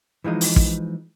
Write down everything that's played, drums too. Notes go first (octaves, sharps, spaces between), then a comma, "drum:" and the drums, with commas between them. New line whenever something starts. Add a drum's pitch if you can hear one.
E3 F3 G#3 D#4
drum: open hi-hat
drum: kick